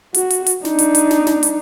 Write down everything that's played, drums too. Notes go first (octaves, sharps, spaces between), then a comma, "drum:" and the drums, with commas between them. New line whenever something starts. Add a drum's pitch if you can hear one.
F#4, drum: hi-hat
drum: hi-hat
drum: hi-hat
D4 D#4, drum: snare
drum: hi-hat
drum: hi-hat
drum: snare
drum: snare
drum: hi-hat